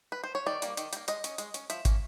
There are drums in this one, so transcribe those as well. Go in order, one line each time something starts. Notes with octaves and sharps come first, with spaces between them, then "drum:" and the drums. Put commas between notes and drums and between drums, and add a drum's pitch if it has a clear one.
B4
C5
C#5
D#3 D5
G3 A#3, drum: hi-hat
D#3, drum: hi-hat
G3, drum: hi-hat
A#3
G#3 D#5, drum: hi-hat
C#4, drum: hi-hat
G#3, drum: hi-hat
C#4, drum: hi-hat
F3 E5, drum: hi-hat
A#3 C#4, drum: kick, hi-hat